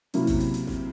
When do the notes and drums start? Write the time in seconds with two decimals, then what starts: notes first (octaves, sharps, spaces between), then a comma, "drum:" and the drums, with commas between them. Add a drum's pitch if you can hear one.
0.14 C3 F#3 A#3 C#4 E4, drum: hi-hat
0.27 drum: kick A1, open hi-hat
0.41 drum: hi-hat
0.54 drum: hi-hat
0.67 drum: snare G#1